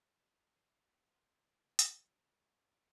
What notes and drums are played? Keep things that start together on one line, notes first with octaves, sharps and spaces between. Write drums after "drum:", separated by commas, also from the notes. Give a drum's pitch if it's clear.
A5
G#4
B3
F3
A#2
D5
G#5, drum: hi-hat
A4
D4
C#3
F#3
D5